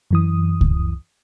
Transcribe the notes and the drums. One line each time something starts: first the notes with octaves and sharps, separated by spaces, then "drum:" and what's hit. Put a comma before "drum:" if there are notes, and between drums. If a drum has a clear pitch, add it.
F#2 E3 D#6
drum: kick C#2